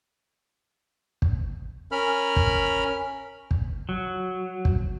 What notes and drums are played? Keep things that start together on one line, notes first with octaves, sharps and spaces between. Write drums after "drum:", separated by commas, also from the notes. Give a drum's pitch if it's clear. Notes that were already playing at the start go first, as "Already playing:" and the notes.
drum: kick
C#4 A#4 B5 F6
drum: kick
drum: kick
F#3
drum: kick